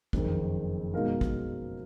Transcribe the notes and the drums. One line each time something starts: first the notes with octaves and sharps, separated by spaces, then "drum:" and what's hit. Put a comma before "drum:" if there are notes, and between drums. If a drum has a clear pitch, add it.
F#1 F2 D#3, drum: kick
B2 G#3 D#4 A#4 F5
drum: kick